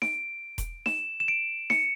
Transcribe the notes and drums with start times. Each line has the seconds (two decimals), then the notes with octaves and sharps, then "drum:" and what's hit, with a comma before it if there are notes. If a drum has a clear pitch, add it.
0.02 D7, drum: snare D#4
0.58 drum: kick E1, hi-hat
0.86 E7, drum: snare D#4
1.20 E7
1.28 D7
1.70 C#7, drum: snare D#4